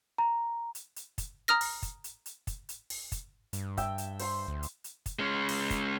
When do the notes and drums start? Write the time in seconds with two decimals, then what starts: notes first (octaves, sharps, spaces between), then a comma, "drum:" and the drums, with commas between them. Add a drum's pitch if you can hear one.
0.18 A#5
0.75 drum: hi-hat
0.96 drum: hi-hat
1.18 drum: kick, hi-hat
1.48 A#5 D#6 F6 A#6
1.61 drum: open hi-hat
1.83 drum: kick, hi-hat
2.04 drum: hi-hat
2.26 drum: hi-hat
2.47 drum: kick, hi-hat
2.69 drum: hi-hat
2.90 drum: open hi-hat
3.12 drum: kick, hi-hat
3.53 G2, drum: hi-hat
3.77 E5 G5, drum: kick, hi-hat
3.98 drum: hi-hat
4.20 C5 C6, drum: open hi-hat
4.48 D2
4.63 drum: hi-hat
4.84 drum: hi-hat
5.06 drum: kick, hi-hat
5.19 G#3 C#4
5.49 drum: open hi-hat
5.70 drum: kick, hi-hat